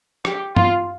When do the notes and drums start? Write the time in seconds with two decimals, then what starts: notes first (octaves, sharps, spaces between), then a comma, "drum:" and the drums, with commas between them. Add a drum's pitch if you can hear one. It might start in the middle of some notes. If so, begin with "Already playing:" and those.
0.25 G4, drum: rim click
0.56 F4, drum: tom G2